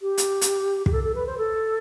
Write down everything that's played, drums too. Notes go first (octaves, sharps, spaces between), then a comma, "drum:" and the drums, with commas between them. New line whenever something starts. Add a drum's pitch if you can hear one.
G4
drum: hi-hat
drum: hi-hat
G4, drum: kick
A4
A4
B4
C5
A4